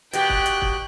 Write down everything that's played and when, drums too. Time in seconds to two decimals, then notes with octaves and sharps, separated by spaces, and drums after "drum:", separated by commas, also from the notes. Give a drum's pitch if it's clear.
0.13 B2 G4 G5 F#6, drum: hi-hat
0.29 drum: kick
0.46 drum: hi-hat
0.62 drum: kick